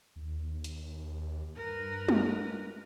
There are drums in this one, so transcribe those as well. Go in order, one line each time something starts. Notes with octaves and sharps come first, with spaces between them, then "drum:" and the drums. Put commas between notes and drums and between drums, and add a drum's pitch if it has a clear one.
D#2
drum: hi-hat
G2 A#4 B4
drum: tom G3